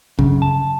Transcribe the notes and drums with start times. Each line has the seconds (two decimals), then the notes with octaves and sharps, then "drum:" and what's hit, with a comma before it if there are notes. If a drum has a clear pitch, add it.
0.19 F#2 C#3, drum: kick
0.42 A5